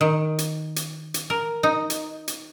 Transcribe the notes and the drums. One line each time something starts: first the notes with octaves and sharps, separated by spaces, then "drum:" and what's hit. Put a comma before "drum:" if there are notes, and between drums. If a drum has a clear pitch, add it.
D#3
drum: hi-hat
drum: hi-hat
drum: hi-hat
A#4
D#4
drum: hi-hat
drum: hi-hat